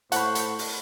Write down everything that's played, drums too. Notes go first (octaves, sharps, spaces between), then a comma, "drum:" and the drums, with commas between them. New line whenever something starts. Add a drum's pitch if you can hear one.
A2 C5 F#5 A5 B5 C#6, drum: hi-hat
drum: hi-hat
drum: open hi-hat